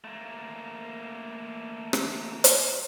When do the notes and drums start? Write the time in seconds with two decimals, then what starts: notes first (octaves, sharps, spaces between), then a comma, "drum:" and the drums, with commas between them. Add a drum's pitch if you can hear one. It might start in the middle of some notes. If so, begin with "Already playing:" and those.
0.04 A3 A#3
1.93 drum: rim click
2.44 drum: hi-hat